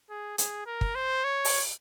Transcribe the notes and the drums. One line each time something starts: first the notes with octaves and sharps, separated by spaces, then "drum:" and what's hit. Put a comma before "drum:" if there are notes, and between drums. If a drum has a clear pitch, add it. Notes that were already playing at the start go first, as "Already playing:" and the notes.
G#4
G#4, drum: hi-hat
A#4
drum: kick
C5
C#5
drum: open hi-hat